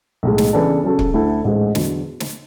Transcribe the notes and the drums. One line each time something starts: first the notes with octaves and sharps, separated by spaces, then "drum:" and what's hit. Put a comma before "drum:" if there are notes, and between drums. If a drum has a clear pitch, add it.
B1 A2 G#3
drum: snare
C#3 E3 B3 D4 A4
C#3 F#3 C#4 F#4 A4
drum: kick C#1
D2 D3 A3 E4 A4
A1 G#2 G#3
E2 D3 F#3, drum: snare
drum: snare